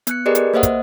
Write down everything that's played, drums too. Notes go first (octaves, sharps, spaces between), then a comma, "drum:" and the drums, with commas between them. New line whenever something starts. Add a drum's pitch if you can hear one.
B3 F#6 C#7, drum: hi-hat
G4 G#4 A#4 B4 D5 D#5
drum: hi-hat
A#3 C5 D#5 E5 F#5 D#6
drum: kick, hi-hat